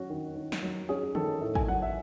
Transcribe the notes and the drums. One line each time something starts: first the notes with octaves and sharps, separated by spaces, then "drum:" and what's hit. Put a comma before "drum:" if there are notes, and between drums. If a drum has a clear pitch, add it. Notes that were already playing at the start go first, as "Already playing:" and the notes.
Already playing: F#3 C#4 F#4
D#3
D#3
drum: snare
F#3
C#4 G#4
D#3 A4, drum: tom
A2 A4
G#5, drum: kick
F#3 F#5
E5